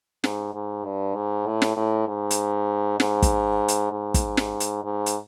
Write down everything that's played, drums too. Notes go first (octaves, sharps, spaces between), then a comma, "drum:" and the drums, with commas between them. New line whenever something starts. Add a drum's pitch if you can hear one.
G#2, drum: snare
G#2
G2
G#2
A2
drum: snare
A2
G#2
drum: hi-hat
G#2, drum: snare
drum: kick, hi-hat
drum: hi-hat
G#2
drum: kick, hi-hat
drum: snare
drum: hi-hat
G#2
drum: hi-hat